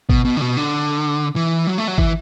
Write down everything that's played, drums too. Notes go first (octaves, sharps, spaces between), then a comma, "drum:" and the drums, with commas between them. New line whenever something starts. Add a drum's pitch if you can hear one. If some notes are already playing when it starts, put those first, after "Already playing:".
B2, drum: kick G#1
B2
D3
B2
D3
E3
F#3
A3
F#3
E3, drum: kick G#1